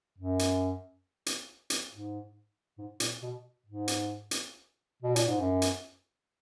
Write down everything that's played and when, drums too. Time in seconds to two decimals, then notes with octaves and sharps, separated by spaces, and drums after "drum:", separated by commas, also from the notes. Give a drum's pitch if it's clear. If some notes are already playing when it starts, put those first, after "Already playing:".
0.18 F#2
0.39 drum: hi-hat
1.26 drum: hi-hat
1.70 drum: hi-hat
1.92 G#2
2.78 G#2
3.00 A#2, drum: hi-hat
3.22 B2
3.66 G#2
3.88 drum: hi-hat
4.31 drum: hi-hat
5.02 B2
5.16 A#2, drum: hi-hat
5.27 G#2
5.40 F#2
5.62 drum: hi-hat